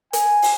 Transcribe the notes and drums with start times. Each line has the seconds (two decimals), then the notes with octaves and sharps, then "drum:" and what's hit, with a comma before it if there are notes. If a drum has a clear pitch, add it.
0.13 G#5, drum: hi-hat
0.42 drum: open hi-hat